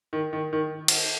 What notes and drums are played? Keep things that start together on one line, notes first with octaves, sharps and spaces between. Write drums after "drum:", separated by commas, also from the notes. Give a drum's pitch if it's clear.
D#3
D#3
D#3
drum: cymbal